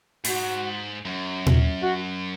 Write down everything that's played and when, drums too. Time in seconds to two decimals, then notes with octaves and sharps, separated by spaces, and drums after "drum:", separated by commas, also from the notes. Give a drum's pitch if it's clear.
0.25 A2, drum: open hi-hat
0.28 G#2 F#4
1.05 F#2
1.46 drum: tom A#2
1.82 F#4